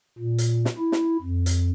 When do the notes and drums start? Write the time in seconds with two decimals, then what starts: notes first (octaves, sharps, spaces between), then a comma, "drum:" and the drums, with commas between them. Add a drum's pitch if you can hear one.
0.19 A#2
0.38 drum: hi-hat
0.65 drum: snare
0.79 E4
0.92 drum: snare
1.22 F2
1.46 drum: hi-hat